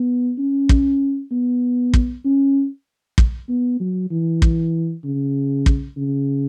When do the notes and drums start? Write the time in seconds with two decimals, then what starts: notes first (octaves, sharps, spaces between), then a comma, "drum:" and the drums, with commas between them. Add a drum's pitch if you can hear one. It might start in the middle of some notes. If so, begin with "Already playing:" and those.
Already playing: B3
0.38 C#4
0.69 drum: kick
1.31 B3
1.94 drum: kick
2.25 C#4
3.18 drum: kick
3.49 B3
3.80 F#3
4.11 E3
4.42 drum: kick
5.04 C#3
5.66 drum: kick
5.97 C#3